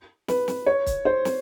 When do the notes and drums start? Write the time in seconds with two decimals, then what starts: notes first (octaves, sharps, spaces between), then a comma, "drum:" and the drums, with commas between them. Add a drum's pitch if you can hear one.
0.28 B4, drum: snare
0.48 drum: snare
0.66 C#5
0.86 drum: kick, hi-hat
1.05 C5
1.25 drum: snare